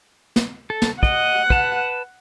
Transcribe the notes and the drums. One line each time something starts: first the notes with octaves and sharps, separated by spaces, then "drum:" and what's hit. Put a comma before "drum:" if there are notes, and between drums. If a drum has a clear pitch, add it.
drum: snare
A4
drum: snare
D#5 F#5, drum: kick
B4 A5, drum: kick